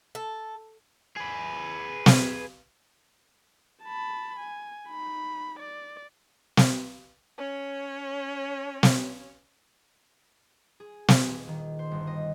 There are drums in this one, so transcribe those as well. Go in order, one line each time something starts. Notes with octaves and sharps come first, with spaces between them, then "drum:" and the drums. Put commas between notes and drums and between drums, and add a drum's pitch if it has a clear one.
A4
G#4 B4
drum: snare
A5 B5
G#5
D#4 B5
D5
drum: snare
C#4 C#5
drum: snare
G#4
G#4, drum: snare
D#1
D#3
C5
G1
D#5